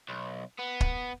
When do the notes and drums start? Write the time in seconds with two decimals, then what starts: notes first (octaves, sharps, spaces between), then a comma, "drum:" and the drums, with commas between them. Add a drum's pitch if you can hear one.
0.09 B1
0.59 B3
0.81 drum: kick